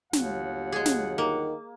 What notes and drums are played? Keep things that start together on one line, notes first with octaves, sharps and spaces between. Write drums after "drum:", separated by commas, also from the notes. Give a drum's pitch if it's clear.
G1 D#2 F#3 F#5, drum: snare
G#3 G#4
drum: snare
D#3 A#3